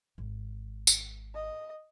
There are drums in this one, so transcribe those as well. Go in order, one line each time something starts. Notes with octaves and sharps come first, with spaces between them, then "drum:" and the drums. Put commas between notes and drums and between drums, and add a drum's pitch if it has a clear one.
G#1
drum: tambourine
D#5